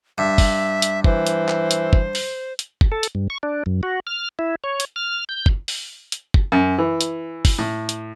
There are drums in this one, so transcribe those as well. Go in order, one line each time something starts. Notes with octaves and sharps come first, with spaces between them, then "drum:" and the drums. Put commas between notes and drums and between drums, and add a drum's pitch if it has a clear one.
G2 E5
drum: kick, open hi-hat
drum: hi-hat
E3 C5, drum: kick
drum: hi-hat
drum: clap
drum: hi-hat
drum: kick
drum: open hi-hat
drum: hi-hat
drum: kick
A4
drum: hi-hat
G2
C#6
D4
F#2
F#4
F6
E4
C#5
drum: hi-hat
F6
G6
drum: kick
drum: open hi-hat
drum: hi-hat
drum: kick
F#2
E3
drum: hi-hat
drum: kick, open hi-hat
A2
drum: hi-hat